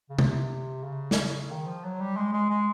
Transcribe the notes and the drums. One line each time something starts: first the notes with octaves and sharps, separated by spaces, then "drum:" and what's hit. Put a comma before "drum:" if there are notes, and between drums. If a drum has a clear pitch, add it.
C#3
C3, drum: tom
C#3
drum: snare
D#3
F3
F#3
G3
G#3
G#3
G#3